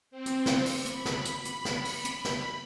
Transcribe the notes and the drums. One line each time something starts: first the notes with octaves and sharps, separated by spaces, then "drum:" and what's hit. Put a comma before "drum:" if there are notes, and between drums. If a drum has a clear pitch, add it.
C4
drum: hi-hat
drum: snare
drum: open hi-hat
B5, drum: hi-hat
drum: snare
drum: hi-hat
drum: hi-hat
drum: snare
drum: open hi-hat
drum: hi-hat
drum: snare